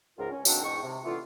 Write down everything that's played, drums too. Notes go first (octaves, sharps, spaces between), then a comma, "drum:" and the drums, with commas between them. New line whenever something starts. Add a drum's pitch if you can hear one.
C#2 G#2 F4 A#4
C#4
B2 D#3 F#3 A#3 C4 D4, drum: tambourine
E2 G#2 B2 G5 C#6
C3
D3 E3 A3 B3 F4